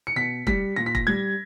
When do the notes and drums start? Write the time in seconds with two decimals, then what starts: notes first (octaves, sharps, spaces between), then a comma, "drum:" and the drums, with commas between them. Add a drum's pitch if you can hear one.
0.07 C#7
0.16 B2 B6
0.47 G3 B6, drum: kick E1
0.76 A#2 A#6
0.86 B6
0.95 A#6, drum: kick E1
1.07 G3 G#6